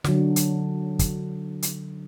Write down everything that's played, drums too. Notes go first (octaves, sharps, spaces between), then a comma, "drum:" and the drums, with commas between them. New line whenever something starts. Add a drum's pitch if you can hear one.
D3 F#3, drum: snare
drum: hi-hat
drum: kick, hi-hat
drum: hi-hat